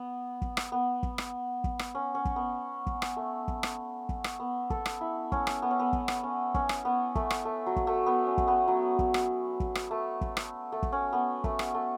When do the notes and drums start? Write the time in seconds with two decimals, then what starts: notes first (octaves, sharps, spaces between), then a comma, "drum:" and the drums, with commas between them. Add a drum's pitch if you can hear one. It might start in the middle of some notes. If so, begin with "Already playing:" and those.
Already playing: B3
0.42 drum: kick
0.57 drum: rim click
0.72 B3
1.03 drum: kick
1.18 drum: rim click
1.64 drum: kick
1.79 drum: rim click
1.95 C#4
2.15 C#4
2.25 drum: kick
2.36 B3
2.87 drum: kick
3.02 drum: rim click
3.17 A3
3.48 drum: kick
3.63 drum: rim click
4.09 drum: kick
4.24 drum: rim click
4.40 B3
4.70 A4, drum: kick
4.86 drum: rim click
5.01 E4
5.32 C#4, drum: kick
5.47 drum: rim click
5.62 B3
5.71 C#4
5.79 B3
5.93 drum: kick
6.08 drum: rim click
6.23 C#4
6.54 C#4, drum: kick
6.69 drum: rim click
6.85 B3
7.15 A3, drum: kick
7.30 drum: rim click
7.45 A3
7.66 F#3
7.76 drum: kick
7.87 A3
8.06 B3
8.27 C#4
8.38 drum: kick
8.47 B3
8.68 F#3
8.99 drum: kick
9.14 drum: rim click
9.60 drum: kick
9.75 drum: rim click
9.91 A3
10.21 drum: kick
10.37 drum: rim click
10.72 A3
10.83 drum: kick
10.92 C#4
11.13 B3
11.44 A3, drum: kick
11.59 drum: rim click
11.74 A3